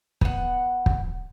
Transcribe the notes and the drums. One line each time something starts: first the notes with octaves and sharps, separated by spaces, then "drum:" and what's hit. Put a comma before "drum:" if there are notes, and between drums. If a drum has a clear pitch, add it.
B3 F#5, drum: kick
drum: kick